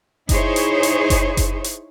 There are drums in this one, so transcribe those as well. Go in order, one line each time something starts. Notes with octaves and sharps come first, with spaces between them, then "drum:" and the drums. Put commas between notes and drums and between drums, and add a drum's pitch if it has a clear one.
D#4 E4 G#4 C5 C#5, drum: kick F#1, hi-hat
drum: hi-hat
drum: hi-hat
drum: kick F#1, hi-hat
drum: kick F#1, hi-hat
drum: hi-hat